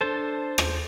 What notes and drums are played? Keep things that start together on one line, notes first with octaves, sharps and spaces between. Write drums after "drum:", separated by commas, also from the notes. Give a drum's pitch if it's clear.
D4 A4 C5 A5
drum: rim click